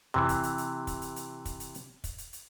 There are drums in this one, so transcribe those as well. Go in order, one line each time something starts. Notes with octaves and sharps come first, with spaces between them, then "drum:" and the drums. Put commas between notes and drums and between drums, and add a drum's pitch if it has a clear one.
C3 E3, drum: tom F2
drum: kick, hi-hat
drum: hi-hat
drum: hi-hat
drum: kick, hi-hat
drum: hi-hat
drum: hi-hat
drum: kick, hi-hat
drum: hi-hat
drum: hi-hat
drum: kick, hi-hat
drum: hi-hat
drum: hi-hat